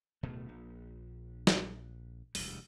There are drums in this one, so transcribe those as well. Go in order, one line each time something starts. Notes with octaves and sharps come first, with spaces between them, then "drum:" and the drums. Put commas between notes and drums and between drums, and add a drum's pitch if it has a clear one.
D1 B2 A3
A#1
drum: snare
E1 D2 G3, drum: open hi-hat